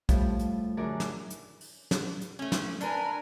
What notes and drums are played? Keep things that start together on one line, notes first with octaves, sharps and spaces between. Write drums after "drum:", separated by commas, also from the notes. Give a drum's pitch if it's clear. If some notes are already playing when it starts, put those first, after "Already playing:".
A2 F3 G3, drum: kick, hi-hat
drum: hi-hat
F#2 D3 G#4 A#4 D6
drum: snare
drum: hi-hat
drum: open hi-hat
drum: snare
drum: hi-hat
A3 C#4
drum: snare
D4 A#4 B4 G#5, drum: hi-hat